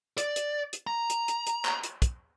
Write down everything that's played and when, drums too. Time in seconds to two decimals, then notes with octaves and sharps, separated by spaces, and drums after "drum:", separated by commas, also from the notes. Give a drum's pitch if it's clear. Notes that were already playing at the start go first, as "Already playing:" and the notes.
0.18 D5, drum: hi-hat
0.36 drum: hi-hat
0.73 drum: hi-hat
0.87 A#5
1.10 drum: hi-hat
1.28 drum: hi-hat
1.47 drum: hi-hat
1.65 drum: clap
1.83 drum: hi-hat
2.02 drum: kick, hi-hat